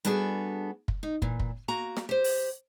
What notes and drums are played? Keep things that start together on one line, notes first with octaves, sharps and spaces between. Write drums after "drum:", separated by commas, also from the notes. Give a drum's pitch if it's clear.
G3 B3 D4 F#4 G#4 A4, drum: hi-hat
drum: kick
D#4
A#2 E3, drum: kick
drum: kick
A#3 F#4 A#5
drum: snare
G4 C5
drum: open hi-hat